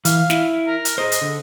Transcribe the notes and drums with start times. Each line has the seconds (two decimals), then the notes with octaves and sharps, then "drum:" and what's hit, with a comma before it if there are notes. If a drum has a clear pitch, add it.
0.05 E3 F5, drum: hi-hat
0.30 E4, drum: snare
0.67 A#4
0.85 drum: hi-hat
0.98 G#4 C5 D#5
1.12 drum: hi-hat
1.22 D3